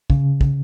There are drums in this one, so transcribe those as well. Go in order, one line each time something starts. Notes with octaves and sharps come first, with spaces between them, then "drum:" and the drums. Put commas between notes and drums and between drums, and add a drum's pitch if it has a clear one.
C#3, drum: kick
drum: kick